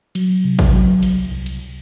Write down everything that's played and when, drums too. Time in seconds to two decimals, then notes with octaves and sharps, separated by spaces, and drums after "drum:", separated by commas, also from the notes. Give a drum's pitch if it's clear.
0.15 F#3, drum: cymbal
0.45 C3
0.59 drum: kick A1, cymbal
0.73 F#3
1.02 C2, drum: cymbal
1.32 C2
1.46 drum: cymbal